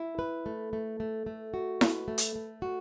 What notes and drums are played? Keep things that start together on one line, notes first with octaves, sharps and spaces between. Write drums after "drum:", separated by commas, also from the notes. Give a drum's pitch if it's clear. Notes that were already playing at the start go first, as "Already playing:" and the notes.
Already playing: E4
B4
A3
A3
A3
A3
F#4
B4, drum: snare E4
A3
drum: hi-hat
A3
F#4